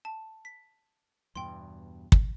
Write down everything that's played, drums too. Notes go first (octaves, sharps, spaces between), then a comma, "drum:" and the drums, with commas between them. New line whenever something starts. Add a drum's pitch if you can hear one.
A5
B6
E2 G2 B2 G5 C6
drum: kick